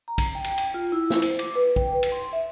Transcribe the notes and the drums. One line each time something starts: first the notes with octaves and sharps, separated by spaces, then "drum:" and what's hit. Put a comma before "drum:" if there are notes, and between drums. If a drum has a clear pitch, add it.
A#5
drum: kick, cymbal
G5
drum: cymbal
drum: cymbal
F4
E4
drum: snare
C5, drum: cymbal
D6, drum: cymbal
B4
G5, drum: kick
B4
drum: cymbal
C6
E5